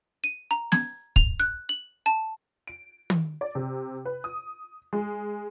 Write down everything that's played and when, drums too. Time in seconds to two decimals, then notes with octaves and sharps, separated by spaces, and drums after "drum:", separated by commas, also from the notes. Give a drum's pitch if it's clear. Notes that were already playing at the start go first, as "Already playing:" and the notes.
0.24 D#7
0.51 A#5
0.72 G#6, drum: snare
1.16 F7, drum: kick
1.40 F#6
1.69 F#7
2.06 A5
2.67 D7
3.10 drum: tom
3.41 D5
3.55 C3
4.05 B4
4.24 D#6
4.93 G#3